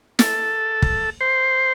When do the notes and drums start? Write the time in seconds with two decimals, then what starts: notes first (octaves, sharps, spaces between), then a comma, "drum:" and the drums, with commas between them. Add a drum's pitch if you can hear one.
0.19 A4, drum: snare
0.82 drum: kick
1.21 C5